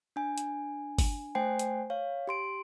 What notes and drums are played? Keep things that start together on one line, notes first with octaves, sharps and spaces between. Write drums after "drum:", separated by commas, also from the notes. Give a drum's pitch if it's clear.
D4 G#5
drum: hi-hat
drum: kick G1, open hi-hat
A3 C5 G5 G#5 C7
drum: hi-hat
C#5 F5
G4 C6 D7